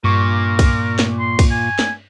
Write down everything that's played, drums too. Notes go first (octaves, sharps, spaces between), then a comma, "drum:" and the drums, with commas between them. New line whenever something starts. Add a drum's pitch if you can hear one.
G2 A#2 A#4 C#6 D6
drum: kick B1, cymbal
drum: snare
C6
drum: kick B1, cymbal
G#5
drum: snare